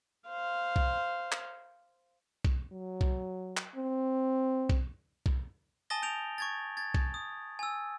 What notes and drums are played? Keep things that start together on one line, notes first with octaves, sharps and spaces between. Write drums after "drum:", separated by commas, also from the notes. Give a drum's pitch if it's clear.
C5 F5
drum: kick B1
drum: clap
drum: kick B1
F#3
drum: kick B1
drum: clap
C4
drum: kick B1
drum: kick B1
G#5 A5 D#6 A6 A#6 G7
G6 D7 F7
C#6 G#6 A6
G#6 A6
drum: kick B1
D#6
G#5 E6